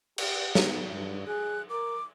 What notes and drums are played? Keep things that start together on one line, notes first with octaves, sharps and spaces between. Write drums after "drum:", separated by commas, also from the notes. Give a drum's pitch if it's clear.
G4, drum: cymbal
B3, drum: snare
G2
G#4 F#6
A#4 D6